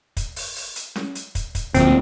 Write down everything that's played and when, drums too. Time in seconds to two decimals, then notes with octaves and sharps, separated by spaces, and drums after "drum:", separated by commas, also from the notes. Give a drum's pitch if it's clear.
0.17 drum: kick, hi-hat
0.36 drum: open hi-hat
0.56 drum: open hi-hat
0.76 drum: hi-hat
0.96 drum: snare C#4
1.15 drum: hi-hat
1.35 drum: kick, hi-hat
1.55 drum: kick, hi-hat
1.74 D2 A#2 F3 C4, drum: kick, hi-hat